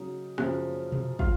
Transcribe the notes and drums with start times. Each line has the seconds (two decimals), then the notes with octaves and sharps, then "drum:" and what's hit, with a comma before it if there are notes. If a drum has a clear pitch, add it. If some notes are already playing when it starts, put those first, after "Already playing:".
Already playing: C#3 F#3 D#4
0.38 F#2 C#3 F3, drum: rim click
0.92 drum: tom B2
1.19 F4 F5, drum: kick